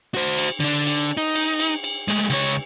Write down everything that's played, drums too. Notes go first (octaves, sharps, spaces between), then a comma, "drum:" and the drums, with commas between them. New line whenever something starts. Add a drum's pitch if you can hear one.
F#4 C5
drum: cymbal
D3 D4, drum: cymbal
drum: cymbal
D#4
drum: cymbal
drum: cymbal
drum: cymbal
G#3 A3, drum: cymbal
C#2 C#5, drum: cymbal